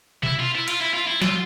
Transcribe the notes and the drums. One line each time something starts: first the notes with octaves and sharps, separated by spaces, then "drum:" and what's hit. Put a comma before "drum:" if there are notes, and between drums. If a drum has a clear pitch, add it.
E4, drum: tom B2
F4
E4
F4, drum: cymbal
E4
F4
E4
F4, drum: snare